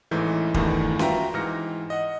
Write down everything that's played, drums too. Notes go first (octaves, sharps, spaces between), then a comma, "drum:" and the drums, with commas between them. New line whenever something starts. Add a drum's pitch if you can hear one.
A1 G#2 E3 A3 G6
E2 G2 D#3 E3 A3, drum: kick
F4 F#4 B4 E5 G5 A#5, drum: snare C#4
G#2 E3 F6 A#6 C#7
D#5 F#5